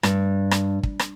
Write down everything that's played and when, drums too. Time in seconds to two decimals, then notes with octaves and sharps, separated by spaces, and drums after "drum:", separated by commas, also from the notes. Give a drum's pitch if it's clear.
0.03 G2, drum: rim click
0.51 drum: rim click
0.83 drum: kick
0.99 drum: rim click